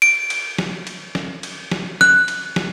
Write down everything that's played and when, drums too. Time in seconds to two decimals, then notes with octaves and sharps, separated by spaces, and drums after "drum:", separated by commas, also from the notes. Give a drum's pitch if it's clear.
0.02 D7, drum: cymbal
0.30 drum: cymbal
0.58 drum: snare
0.87 drum: cymbal
1.15 drum: snare
1.43 drum: cymbal
1.71 drum: snare
2.01 F#6, drum: snare
2.28 drum: cymbal
2.56 drum: snare